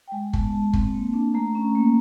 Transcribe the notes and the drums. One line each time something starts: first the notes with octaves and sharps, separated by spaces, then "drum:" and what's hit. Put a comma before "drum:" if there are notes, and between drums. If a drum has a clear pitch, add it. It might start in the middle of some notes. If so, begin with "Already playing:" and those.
G5
G#3 G#5
B3 A5, drum: kick
G#3
C4, drum: kick
A#3
D4
A3 A#5
C#4
A#3